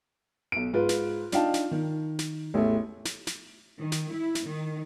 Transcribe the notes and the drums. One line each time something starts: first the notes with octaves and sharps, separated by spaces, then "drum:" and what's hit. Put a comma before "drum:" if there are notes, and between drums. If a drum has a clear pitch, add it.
B1 D7
G#2 F4 B4
drum: snare
D4 D#4 F4 F5 G5 A5, drum: snare
drum: snare
D#3
drum: snare
A1 E2 A3
drum: snare
drum: snare
D#3
drum: snare
E4
drum: snare
D#3